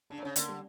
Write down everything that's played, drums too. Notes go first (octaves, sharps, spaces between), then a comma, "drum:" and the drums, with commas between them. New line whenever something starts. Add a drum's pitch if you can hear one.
C#3 D4
A#2
C#3 C#4
D3 A#3, drum: hi-hat
G3